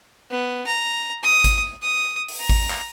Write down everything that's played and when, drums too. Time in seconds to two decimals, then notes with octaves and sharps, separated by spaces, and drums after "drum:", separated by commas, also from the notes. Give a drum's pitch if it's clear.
0.31 B3
0.67 A#5
1.23 D#6
1.44 drum: kick G#1, hi-hat
1.82 D#6
2.28 drum: open hi-hat
2.40 A#5
2.49 drum: kick G#1
2.71 drum: clap